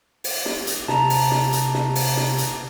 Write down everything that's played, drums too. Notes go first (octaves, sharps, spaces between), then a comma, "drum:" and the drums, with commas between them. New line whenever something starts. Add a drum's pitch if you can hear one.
drum: open hi-hat
drum: snare
drum: hi-hat
C3 A5 A#5, drum: snare
drum: open hi-hat
drum: snare
drum: hi-hat
drum: snare
drum: open hi-hat
drum: snare
drum: hi-hat